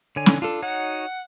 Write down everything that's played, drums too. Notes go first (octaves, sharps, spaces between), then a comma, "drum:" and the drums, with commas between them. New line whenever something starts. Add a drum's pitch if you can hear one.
D3 C#5 G#5
drum: snare
D4 F4 A4
D#4 F#4 C#5 F#5